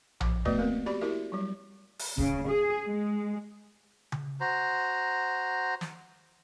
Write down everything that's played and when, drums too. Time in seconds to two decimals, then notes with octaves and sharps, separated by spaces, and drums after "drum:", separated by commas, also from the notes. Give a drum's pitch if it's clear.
0.20 F3, drum: tom A#1
0.45 A3 B3 F#4 B4 D5 D#5, drum: kick
0.59 A#3 C4 A#4
0.86 F#4 G4 D5 B5
1.01 E4 F#4 G4 A#4 E5
1.32 F#3 G3
1.99 drum: open hi-hat
2.18 C#3, drum: kick
2.49 G#4
2.87 G#3
4.12 drum: tom C#3
4.41 F#4 C5 A#5
5.81 drum: snare